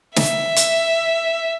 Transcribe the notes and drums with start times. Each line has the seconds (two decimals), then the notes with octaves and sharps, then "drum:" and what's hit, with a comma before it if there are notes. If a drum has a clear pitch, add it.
0.16 E5, drum: snare
0.56 drum: hi-hat